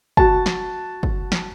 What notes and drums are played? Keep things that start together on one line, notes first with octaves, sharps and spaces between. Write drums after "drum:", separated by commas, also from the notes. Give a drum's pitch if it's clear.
F#4 A5, drum: kick
drum: snare
drum: kick
drum: snare